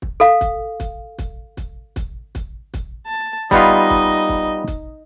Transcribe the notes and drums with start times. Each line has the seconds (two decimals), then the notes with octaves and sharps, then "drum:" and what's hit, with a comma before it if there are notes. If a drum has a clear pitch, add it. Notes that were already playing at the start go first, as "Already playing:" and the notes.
0.02 drum: kick
0.20 A4 F5
0.41 drum: kick, hi-hat
0.80 drum: kick, hi-hat
1.18 drum: kick, hi-hat
1.57 drum: kick, hi-hat
1.96 drum: kick, hi-hat
2.35 drum: kick, hi-hat
2.74 drum: kick, hi-hat
3.07 A5
3.51 G3 B3 D#4 F4 D#5, drum: kick, hi-hat
3.90 drum: kick, hi-hat
4.29 drum: kick
4.67 drum: kick, hi-hat